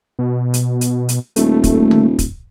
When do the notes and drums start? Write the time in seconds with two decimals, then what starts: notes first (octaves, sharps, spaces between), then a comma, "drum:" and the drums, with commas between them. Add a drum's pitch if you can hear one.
0.19 B2
0.54 drum: hi-hat
0.81 drum: hi-hat
1.09 drum: hi-hat
1.36 D#1 A3, drum: hi-hat
1.64 drum: kick, hi-hat
1.91 drum: tom
2.19 drum: kick, hi-hat